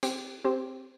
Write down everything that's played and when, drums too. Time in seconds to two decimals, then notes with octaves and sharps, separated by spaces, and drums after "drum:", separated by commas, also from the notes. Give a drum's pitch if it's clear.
0.03 C4 G4 C5, drum: hi-hat
0.45 C4 G4 C5